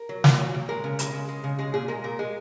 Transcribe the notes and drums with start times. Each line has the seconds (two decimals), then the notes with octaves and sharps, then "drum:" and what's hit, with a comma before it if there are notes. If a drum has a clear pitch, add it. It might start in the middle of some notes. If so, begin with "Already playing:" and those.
Already playing: A#4
0.09 F#3
0.24 A#2, drum: snare
0.39 F#3
0.54 A#2
0.69 G#3 A#4
0.84 C#3
0.99 G#3, drum: hi-hat
1.13 C#3
1.29 G#3
1.44 C#3
1.59 G#3 G#4
1.74 A#2 G#4
1.88 G#3 A#4
2.04 A#2 A#4
2.19 G#3